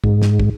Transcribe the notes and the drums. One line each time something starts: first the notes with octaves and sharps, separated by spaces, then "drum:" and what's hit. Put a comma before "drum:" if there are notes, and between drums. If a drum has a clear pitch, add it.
G#2, drum: kick
drum: snare
drum: kick